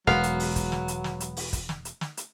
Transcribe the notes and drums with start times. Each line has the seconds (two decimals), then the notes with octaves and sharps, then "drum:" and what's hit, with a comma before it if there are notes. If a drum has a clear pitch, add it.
0.07 E1 F#3 G#3 B3 F5, drum: snare
0.23 drum: hi-hat
0.40 drum: open hi-hat
0.56 drum: kick, hi-hat
0.72 drum: snare
0.88 drum: hi-hat
1.04 drum: snare
1.20 drum: hi-hat
1.37 drum: open hi-hat
1.53 drum: kick, hi-hat
1.69 drum: snare
1.85 drum: hi-hat
2.01 drum: snare
2.17 drum: hi-hat